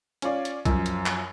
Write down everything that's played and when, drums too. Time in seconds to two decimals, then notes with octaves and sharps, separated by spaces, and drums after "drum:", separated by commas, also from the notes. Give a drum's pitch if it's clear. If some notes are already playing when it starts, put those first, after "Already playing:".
0.22 C#4 F4 D5, drum: hi-hat
0.45 drum: hi-hat
0.65 F#2 F3, drum: kick B1, hi-hat
0.86 drum: hi-hat
1.06 drum: clap